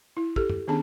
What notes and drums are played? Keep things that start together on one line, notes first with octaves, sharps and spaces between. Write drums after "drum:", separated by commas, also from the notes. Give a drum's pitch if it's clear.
E4
G4 A4, drum: kick
drum: tom F#2
D#3 B3 C#4 D4 G#4 A5